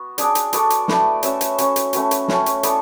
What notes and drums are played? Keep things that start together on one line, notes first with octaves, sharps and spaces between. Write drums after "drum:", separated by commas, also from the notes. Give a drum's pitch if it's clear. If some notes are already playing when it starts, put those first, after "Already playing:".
Already playing: B3 F#4
D4 G#4 D5, drum: hi-hat
drum: hi-hat
B3 F#4 A4 D5, drum: hi-hat
drum: hi-hat
A3 E4 B4 D5, drum: snare
C#4 F#4 C#5 E5, drum: hi-hat
drum: hi-hat
C#4 F#4 C#5, drum: hi-hat
drum: hi-hat
A3 C#4 F#4 B4, drum: hi-hat
drum: hi-hat
A3 C#4 F#4, drum: snare
drum: hi-hat
B3 E4 A4 D5, drum: hi-hat